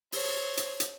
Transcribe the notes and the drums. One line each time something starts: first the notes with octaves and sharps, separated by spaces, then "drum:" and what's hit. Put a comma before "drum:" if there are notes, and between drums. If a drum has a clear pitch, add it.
C5 C#5, drum: open hi-hat
drum: hi-hat
drum: hi-hat